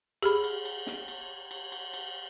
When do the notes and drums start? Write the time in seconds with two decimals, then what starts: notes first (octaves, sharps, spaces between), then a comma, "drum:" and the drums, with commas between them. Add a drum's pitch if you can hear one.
0.23 G4 G#4 B5, drum: cymbal
0.44 drum: cymbal
0.65 drum: cymbal
0.87 drum: snare
1.08 drum: cymbal
1.51 drum: cymbal
1.72 drum: cymbal
1.94 drum: cymbal